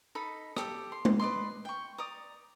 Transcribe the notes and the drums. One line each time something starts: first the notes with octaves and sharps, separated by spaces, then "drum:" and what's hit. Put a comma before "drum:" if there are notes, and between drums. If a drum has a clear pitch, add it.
D#4 A4 B5
G4 A4, drum: rim click
C6
drum: tom G#3
B4 D5 D#5 C6
G5 C#6
D5 A#5 D#6